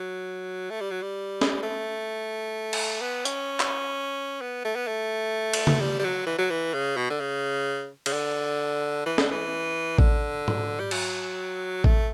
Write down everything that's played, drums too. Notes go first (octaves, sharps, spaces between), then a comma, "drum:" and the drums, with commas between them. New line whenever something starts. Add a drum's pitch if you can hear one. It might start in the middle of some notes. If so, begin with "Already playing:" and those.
Already playing: F#3
A3
G3
F#3
G3
drum: snare
A3
drum: cymbal
B3
C#4, drum: hi-hat
drum: clap
B3
A3
B3
A3
drum: cymbal
drum: tom C#3
G3
G3
F#3
E3
F#3
E3
C#3
B2
D3
C#3
C#3, drum: cymbal
D3
E3
D3, drum: snare
E3
D3, drum: kick A1
drum: tom G#2
G3
F#3, drum: cymbal
A3, drum: kick A1